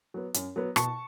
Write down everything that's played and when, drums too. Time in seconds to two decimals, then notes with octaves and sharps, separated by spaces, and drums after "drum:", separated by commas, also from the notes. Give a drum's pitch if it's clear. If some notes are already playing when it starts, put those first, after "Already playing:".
0.14 F#3 B3
0.34 F#2, drum: hi-hat
0.56 F#3 B3
0.76 B2 A5 C#6, drum: rim click